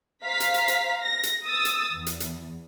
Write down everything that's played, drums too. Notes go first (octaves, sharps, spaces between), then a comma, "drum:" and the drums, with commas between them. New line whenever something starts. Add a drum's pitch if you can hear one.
C5 F5 A#5 B6
drum: hi-hat
drum: hi-hat
drum: hi-hat
A#6
drum: hi-hat
D#6 E6 A6
drum: hi-hat
E2
drum: hi-hat
drum: hi-hat